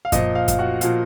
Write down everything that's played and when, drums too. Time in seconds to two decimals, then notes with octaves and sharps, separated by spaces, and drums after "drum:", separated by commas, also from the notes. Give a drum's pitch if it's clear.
0.05 F5
0.12 A#2 F3 D#5, drum: kick F#2, hi-hat
0.35 F5
0.48 F5, drum: kick F#2, hi-hat
0.59 F#4 F#5
0.81 A#2 F3 F5, drum: hi-hat